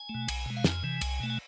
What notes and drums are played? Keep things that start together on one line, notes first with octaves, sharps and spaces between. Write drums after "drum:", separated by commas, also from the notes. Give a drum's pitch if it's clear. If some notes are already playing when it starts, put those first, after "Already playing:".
Already playing: G#5
A3
B2
B1, drum: cymbal
B2 G#3
F5
F2 G#5, drum: snare
C3 E3
C2, drum: cymbal
B2 A3
G#5